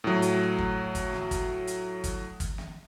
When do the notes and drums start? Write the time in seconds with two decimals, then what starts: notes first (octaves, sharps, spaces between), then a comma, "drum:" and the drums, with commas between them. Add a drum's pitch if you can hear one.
0.04 A2 F#3
0.22 drum: hi-hat
0.58 drum: kick
0.95 drum: kick, hi-hat
1.13 drum: snare
1.31 drum: kick, hi-hat
1.67 drum: hi-hat
2.04 drum: kick, hi-hat
2.40 drum: kick, hi-hat
2.58 drum: snare